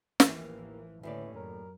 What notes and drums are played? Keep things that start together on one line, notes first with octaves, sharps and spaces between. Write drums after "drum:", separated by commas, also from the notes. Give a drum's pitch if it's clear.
A1 D#2 E3 F3 A#3 A#4, drum: snare
D#2 A2 D3 E3 C#4 D5
F#2 A#4